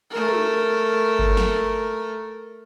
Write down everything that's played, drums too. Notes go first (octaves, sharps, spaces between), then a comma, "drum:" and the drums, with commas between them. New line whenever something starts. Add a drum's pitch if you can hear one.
A3 A#4
drum: tom
drum: kick G1
drum: snare